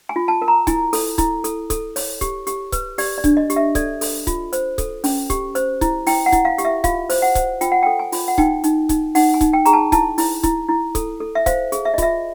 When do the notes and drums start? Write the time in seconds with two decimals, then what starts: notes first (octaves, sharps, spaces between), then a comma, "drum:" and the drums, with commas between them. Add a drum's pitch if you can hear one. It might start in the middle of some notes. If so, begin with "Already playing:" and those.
0.09 G#5
0.16 F4
0.28 A5
0.42 A#4
0.48 A#5
0.67 E4 G#5, drum: kick C#1, hi-hat
0.93 A4, drum: open hi-hat
1.18 E4, drum: kick C#1, hi-hat
1.44 A4, drum: hi-hat
1.70 A4, drum: kick C#1, hi-hat
1.96 C#5, drum: open hi-hat
2.21 G4, drum: kick C#1, hi-hat
2.47 G4, drum: hi-hat
2.72 B4, drum: kick C#1, hi-hat
2.98 G4 D5, drum: open hi-hat
3.18 D5
3.24 D4, drum: kick C#1, hi-hat
3.37 D#5
3.50 G4, drum: hi-hat
3.56 E5
3.75 A4 D5, drum: kick C#1, hi-hat
4.01 A4, drum: open hi-hat
4.27 F4, drum: kick C#1, hi-hat
4.53 C5, drum: hi-hat
4.78 A4, drum: kick C#1, hi-hat
5.04 C#4, drum: open hi-hat
5.30 G4, drum: kick C#1, hi-hat
5.55 C5, drum: hi-hat
5.81 E4, drum: kick C#1, hi-hat
6.06 E4 G5, drum: open hi-hat
6.26 F#5
6.32 E4, drum: kick C#1, hi-hat
6.45 F5
6.58 G4, drum: hi-hat
6.65 E5
6.84 F4 F5, drum: kick C#1, hi-hat
7.10 C5, drum: open hi-hat
7.22 F#5
7.35 C5, drum: kick C#1, hi-hat
7.61 F4 G5, drum: hi-hat
7.72 F#5
7.83 A4 G5
7.99 G#5
8.12 F4, drum: open hi-hat
8.28 F#5
8.38 D#4 G5, drum: kick C#1
8.64 D#4, drum: hi-hat
8.89 D#4, drum: kick C#1, hi-hat
9.15 D#4 F#5, drum: open hi-hat
9.34 G#5
9.41 D#4, drum: kick C#1, hi-hat
9.53 G5
9.65 G#4 A#5, drum: hi-hat
9.73 A5
9.92 E4 A5, drum: kick C#1, hi-hat
10.18 E4, drum: open hi-hat
10.43 E4, drum: kick C#1, hi-hat
10.69 E4
10.95 A4, drum: kick C#1, hi-hat
11.20 A4
11.35 E5
11.46 C5 F5, drum: kick C#1, hi-hat
11.72 G#4, drum: hi-hat
11.85 E5
11.94 D#5
11.98 F4 E5, drum: kick C#1, hi-hat